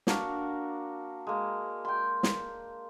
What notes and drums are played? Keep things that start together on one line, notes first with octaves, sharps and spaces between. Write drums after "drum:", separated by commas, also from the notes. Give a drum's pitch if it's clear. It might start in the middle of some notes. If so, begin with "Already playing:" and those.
A#3 D4 F#4 A#4, drum: snare
G#3 A#3
G5 C6
drum: snare